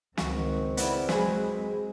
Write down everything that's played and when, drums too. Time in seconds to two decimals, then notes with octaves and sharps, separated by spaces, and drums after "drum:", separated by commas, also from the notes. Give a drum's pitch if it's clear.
0.17 C#2 D#3 G#3 C4 F#4, drum: snare
0.77 B3 E4 B4 D5 F#5, drum: hi-hat
1.09 F#3 G#3 G#4 B4 C5, drum: snare